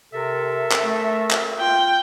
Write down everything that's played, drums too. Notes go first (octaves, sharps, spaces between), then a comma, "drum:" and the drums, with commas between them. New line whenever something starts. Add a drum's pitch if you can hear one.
C3 A4 A#4 E5
drum: clap
A3
drum: clap
F4 G5